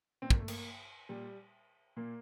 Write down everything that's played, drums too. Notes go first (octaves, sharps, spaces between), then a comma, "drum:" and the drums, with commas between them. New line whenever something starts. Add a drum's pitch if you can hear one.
A#2 C4
A#3, drum: kick
A3
A#3, drum: cymbal
A#2 G3
A#2 A#3